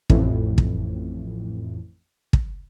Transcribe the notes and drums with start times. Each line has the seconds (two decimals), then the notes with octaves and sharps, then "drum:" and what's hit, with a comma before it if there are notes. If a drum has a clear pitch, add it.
0.10 A1 F2 A2 E3, drum: kick
0.58 drum: kick
2.33 drum: kick